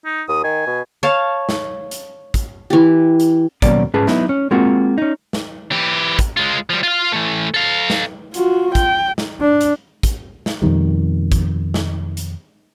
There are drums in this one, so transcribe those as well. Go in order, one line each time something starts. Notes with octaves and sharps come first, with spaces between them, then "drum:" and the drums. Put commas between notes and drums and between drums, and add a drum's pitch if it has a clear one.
D#4
D#2 D#6
D#3 G#5
B2
C#5 F5 A5
drum: snare
drum: hi-hat
drum: kick, hi-hat
E3 G4
drum: hi-hat
D#2 B2 F#3 A#3 C#4 D5, drum: kick, hi-hat
G#2 C#4 G#4 B4 A5
F#3 B3 D#4 E4, drum: snare
C#4
G#3 A#3 C4 F4 F#4
C#4 D#4
drum: snare
E3 G4
drum: kick, hi-hat
G#3 F4
F3 G3
F4 F5
E3 A3
A4 F5
drum: snare
F4 F#4, drum: hi-hat
G5, drum: kick, hi-hat
drum: snare
D4
drum: hi-hat
drum: kick, hi-hat
drum: snare
F2 B2 D#3 G3
drum: kick, hi-hat
drum: snare
drum: hi-hat